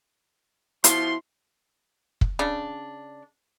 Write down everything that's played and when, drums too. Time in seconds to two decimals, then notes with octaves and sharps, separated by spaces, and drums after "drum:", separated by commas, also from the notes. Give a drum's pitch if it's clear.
0.84 B2 F3 E4 C6, drum: hi-hat
2.21 drum: kick
2.39 C#3 D4